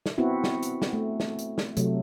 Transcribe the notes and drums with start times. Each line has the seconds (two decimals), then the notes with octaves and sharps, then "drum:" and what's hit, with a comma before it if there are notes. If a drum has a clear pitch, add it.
0.06 drum: snare
0.18 B3 C4 E4 F#4
0.44 drum: snare
0.63 drum: hi-hat
0.82 drum: snare
0.93 A3
1.20 drum: snare
1.39 drum: hi-hat
1.58 drum: snare
1.77 C3 F#3 A3, drum: hi-hat